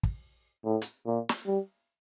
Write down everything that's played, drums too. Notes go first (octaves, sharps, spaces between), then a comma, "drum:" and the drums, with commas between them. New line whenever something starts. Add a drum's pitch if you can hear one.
drum: kick
A2
drum: hi-hat
A#2
drum: snare
G3